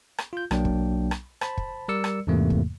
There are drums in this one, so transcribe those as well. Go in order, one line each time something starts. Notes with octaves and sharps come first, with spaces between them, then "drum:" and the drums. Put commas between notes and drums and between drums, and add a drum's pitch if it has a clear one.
drum: rim click
F4 G6
B1 F#3 A#3 D4 G5, drum: rim click
drum: kick
drum: rim click
C5 A5 B5, drum: rim click
drum: kick
G3 A#4 D5 E6 C#7
drum: rim click
E2 G#2 C3 E3 A3 A#3
drum: kick